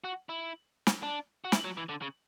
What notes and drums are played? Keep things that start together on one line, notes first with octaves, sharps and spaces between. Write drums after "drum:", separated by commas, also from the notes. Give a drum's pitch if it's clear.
F#4
E4
drum: snare
D4
F#4
E4, drum: snare
F#3
E3
D3
C#3